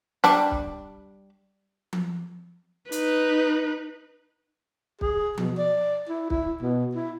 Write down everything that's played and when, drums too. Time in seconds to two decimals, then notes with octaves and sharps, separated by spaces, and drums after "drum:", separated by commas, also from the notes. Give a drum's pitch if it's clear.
0.24 G3 D4, drum: snare
0.51 drum: kick
1.93 drum: tom F3
2.92 D#4 B4, drum: hi-hat
5.01 G#4, drum: kick
5.38 B2, drum: tom F3
5.58 D5
6.09 E4
6.30 E4, drum: kick
6.62 B2
6.95 E4